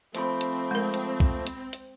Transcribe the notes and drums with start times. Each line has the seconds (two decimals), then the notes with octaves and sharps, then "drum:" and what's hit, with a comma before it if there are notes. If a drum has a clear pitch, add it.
0.15 F3 A3 C4 C5 B5, drum: hi-hat
0.41 drum: hi-hat
0.71 G#3 A#4
0.94 drum: hi-hat
1.20 drum: kick B1
1.47 drum: hi-hat
1.73 drum: hi-hat